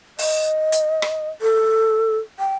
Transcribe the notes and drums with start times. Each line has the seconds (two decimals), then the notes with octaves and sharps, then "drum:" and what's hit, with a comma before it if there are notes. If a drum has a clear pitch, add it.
0.19 D#5, drum: open hi-hat
0.72 drum: hi-hat
1.02 drum: rim click
1.41 A4
2.39 G5